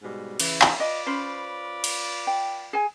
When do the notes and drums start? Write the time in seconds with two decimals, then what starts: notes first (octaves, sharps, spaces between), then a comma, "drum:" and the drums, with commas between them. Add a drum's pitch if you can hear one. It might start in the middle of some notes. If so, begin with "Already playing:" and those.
0.02 G#2 B2 G3
0.40 C#3 E3, drum: cymbal
0.62 drum: clap
0.80 F4 B4 D5 D#5
1.06 C#4 C5 B5
1.84 drum: cymbal
2.27 G5
2.73 G#4 G#5